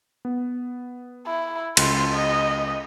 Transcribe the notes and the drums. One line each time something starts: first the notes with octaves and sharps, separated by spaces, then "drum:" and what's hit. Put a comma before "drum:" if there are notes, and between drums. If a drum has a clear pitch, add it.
B3
E4
C#2 C6, drum: cymbal
D#5